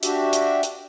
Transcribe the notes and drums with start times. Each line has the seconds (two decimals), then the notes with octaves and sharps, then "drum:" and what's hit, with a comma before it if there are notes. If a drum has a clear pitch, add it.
0.03 D4 F#4 G4 E5, drum: hi-hat
0.33 drum: hi-hat
0.63 drum: hi-hat